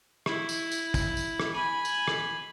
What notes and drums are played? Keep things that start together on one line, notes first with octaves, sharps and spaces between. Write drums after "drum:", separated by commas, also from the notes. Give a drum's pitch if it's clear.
E4, drum: rim click
drum: tambourine
drum: tambourine
drum: kick, tambourine
drum: tambourine
drum: rim click
G#5 B5
drum: tambourine
drum: rim click